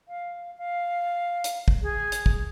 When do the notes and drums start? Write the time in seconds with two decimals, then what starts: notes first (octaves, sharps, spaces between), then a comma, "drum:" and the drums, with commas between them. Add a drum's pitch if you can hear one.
0.08 F5
0.58 F5
1.44 drum: hi-hat
1.68 drum: kick
1.83 G#4
2.12 drum: hi-hat
2.26 drum: kick